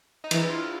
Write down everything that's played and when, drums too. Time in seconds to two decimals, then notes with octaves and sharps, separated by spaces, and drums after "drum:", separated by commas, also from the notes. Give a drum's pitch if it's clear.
0.24 D#4
0.31 E3 E4, drum: cymbal
0.49 F4